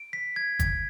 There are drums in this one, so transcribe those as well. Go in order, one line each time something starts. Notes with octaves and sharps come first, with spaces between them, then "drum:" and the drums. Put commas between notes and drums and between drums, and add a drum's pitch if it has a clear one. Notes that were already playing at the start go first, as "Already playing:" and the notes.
Already playing: D7
B6
G#6
G#6, drum: kick, hi-hat